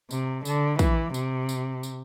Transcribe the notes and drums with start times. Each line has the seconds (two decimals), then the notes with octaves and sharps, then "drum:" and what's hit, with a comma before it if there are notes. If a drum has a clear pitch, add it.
0.11 C3, drum: tambourine
0.45 D3, drum: tambourine
0.79 E3, drum: kick, tambourine
1.14 C3, drum: tambourine
1.49 drum: tambourine
1.83 drum: tambourine